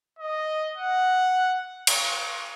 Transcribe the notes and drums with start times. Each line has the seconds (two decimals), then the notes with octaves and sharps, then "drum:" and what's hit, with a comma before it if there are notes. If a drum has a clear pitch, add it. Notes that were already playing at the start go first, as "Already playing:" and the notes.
0.19 D#5
0.77 F#5
1.87 drum: cymbal